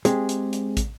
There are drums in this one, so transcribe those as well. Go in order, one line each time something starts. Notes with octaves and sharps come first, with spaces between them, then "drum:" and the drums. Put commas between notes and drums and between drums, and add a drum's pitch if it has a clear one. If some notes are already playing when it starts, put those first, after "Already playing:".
G#3 C4 G4 G#4, drum: hi-hat
drum: hi-hat
drum: hi-hat
drum: kick, hi-hat